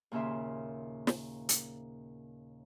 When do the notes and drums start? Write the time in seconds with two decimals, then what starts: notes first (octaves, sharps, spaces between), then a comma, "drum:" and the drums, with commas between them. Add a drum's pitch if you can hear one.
0.12 D#2 A#2 C#3 E5 C6
1.07 drum: snare
1.49 drum: hi-hat